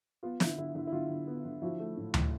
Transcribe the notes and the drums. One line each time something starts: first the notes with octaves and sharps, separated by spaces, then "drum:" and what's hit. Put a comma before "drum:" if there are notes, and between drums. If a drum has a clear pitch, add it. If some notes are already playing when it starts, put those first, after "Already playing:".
B3 F4
D3 E4, drum: snare
D3 E4
D3 E4
E4
D3 F4
D3
B3
D3
F3 E4 F#4
A3
A2
A2, drum: tom D2